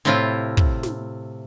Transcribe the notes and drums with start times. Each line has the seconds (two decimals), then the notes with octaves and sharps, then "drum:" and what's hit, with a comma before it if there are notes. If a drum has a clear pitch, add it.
0.05 A2 C3 C4 E4 F4
0.57 drum: kick
0.83 drum: snare